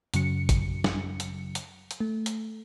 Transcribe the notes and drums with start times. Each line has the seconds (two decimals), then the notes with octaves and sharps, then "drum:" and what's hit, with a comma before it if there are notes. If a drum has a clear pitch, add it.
0.14 F#2 C#3 F#3 C#7, drum: hi-hat
0.49 drum: kick G1, hi-hat
0.84 drum: snare
1.20 drum: hi-hat
1.55 drum: hi-hat
1.91 drum: hi-hat
2.00 A3
2.26 drum: hi-hat